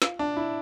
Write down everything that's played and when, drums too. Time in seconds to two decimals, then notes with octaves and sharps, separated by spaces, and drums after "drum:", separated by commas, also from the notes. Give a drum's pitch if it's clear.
0.02 F4, drum: snare
0.19 D4
0.37 E4